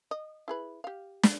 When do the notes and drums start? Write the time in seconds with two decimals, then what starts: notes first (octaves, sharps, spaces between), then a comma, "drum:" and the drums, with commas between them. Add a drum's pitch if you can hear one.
0.11 D#5
0.48 E4 G#4 B4
0.84 G4 F5
1.23 drum: snare